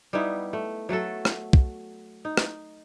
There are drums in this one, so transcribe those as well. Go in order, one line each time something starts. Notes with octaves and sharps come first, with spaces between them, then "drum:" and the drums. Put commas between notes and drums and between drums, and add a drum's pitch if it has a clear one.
G3 B3 D#4 E4
A3
F#3 A3 F#4 A4
drum: rim click
drum: kick
D#4
drum: rim click